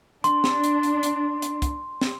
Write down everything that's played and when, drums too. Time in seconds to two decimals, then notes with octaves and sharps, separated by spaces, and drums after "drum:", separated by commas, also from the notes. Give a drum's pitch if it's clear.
0.24 D4 C6, drum: hi-hat
0.44 drum: snare
0.64 drum: hi-hat
0.83 drum: hi-hat
1.03 drum: hi-hat
1.42 drum: hi-hat
1.62 drum: kick, hi-hat
2.01 drum: snare